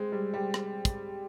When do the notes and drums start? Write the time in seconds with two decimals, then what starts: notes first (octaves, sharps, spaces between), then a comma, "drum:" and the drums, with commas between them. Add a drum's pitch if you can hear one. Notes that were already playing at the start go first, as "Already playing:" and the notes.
Already playing: G#3 C4
0.12 G3
0.34 G3
0.54 drum: rim click
0.85 drum: kick, hi-hat